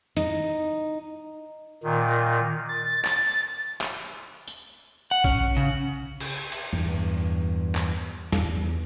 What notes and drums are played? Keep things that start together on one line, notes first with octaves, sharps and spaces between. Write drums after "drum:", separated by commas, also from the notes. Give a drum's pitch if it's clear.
D#4, drum: hi-hat
A#2 D#3
A6
drum: clap
drum: clap
drum: tambourine
F#5
C#4, drum: kick A#1
C#3
drum: cymbal
drum: cymbal
E2 G2
drum: clap
E2, drum: snare